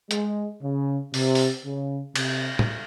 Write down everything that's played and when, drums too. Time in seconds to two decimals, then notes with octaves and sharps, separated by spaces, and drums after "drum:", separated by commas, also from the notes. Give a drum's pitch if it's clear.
0.11 G#3, drum: hi-hat
0.63 C#3
1.14 C3, drum: open hi-hat
1.35 drum: open hi-hat
1.65 C#3
2.16 C3, drum: cymbal
2.59 drum: tom A2